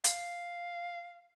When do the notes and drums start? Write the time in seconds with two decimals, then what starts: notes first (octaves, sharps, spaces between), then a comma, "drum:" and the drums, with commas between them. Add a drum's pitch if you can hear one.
0.04 F5, drum: hi-hat